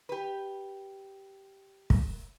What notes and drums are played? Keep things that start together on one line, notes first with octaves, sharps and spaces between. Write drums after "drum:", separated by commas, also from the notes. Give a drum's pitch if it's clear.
G4 B4
drum: kick